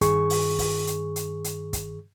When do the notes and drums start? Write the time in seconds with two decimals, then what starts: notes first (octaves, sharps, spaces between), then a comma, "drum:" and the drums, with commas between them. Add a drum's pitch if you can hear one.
0.01 G2 D#3 G#4 C#6, drum: kick, hi-hat
0.30 drum: open hi-hat
0.59 drum: kick, open hi-hat
0.87 drum: hi-hat
1.16 drum: hi-hat
1.44 drum: hi-hat
1.73 drum: kick, hi-hat